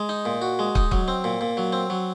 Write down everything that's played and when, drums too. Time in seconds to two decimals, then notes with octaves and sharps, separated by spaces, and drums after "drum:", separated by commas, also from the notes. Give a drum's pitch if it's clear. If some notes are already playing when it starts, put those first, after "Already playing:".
Already playing: G#3
0.09 D#4
0.25 A#2
0.42 F#4
0.59 G#3
0.75 D#4, drum: kick
0.91 F#3, drum: kick
1.08 C4
1.24 A#2
1.41 A#2
1.57 F#3
1.73 C4
1.90 F#3